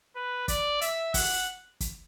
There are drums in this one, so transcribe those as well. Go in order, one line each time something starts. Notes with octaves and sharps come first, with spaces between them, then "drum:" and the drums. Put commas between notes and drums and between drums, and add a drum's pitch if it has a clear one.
B4
D5, drum: kick, hi-hat
E5, drum: hi-hat
F#5, drum: kick, open hi-hat
drum: kick, hi-hat